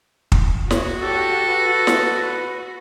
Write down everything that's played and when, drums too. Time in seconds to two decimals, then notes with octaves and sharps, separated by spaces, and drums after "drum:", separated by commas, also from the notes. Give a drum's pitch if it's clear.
0.32 drum: kick
0.71 F#4 C#5, drum: snare
1.02 G4 A4
1.47 B4
1.87 drum: snare
2.19 B4